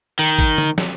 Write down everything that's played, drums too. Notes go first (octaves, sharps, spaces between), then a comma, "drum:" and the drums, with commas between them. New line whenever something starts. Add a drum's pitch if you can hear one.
D#3, drum: hi-hat
drum: kick, hi-hat
drum: tom D3
drum: snare